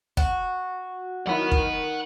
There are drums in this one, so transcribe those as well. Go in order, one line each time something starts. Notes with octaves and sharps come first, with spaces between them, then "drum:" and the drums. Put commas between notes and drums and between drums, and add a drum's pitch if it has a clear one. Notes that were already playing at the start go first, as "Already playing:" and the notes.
F#4, drum: kick
D#3 F#3 E4 F#5 B5
drum: kick